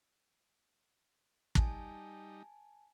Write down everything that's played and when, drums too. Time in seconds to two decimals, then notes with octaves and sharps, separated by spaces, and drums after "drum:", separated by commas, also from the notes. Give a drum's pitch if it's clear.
1.55 G3 D#4 G#5 A5, drum: kick